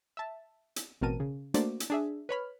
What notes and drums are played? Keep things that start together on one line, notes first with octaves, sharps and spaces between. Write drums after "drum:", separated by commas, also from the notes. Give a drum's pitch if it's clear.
E5 A5
drum: hi-hat
A1 B2 C4 A#4 A5 D#7
C#3
A3 A#3 D4 F#4 C5 D5, drum: hi-hat
drum: hi-hat
D4 G#4 E5
B4 C#5 B5 F6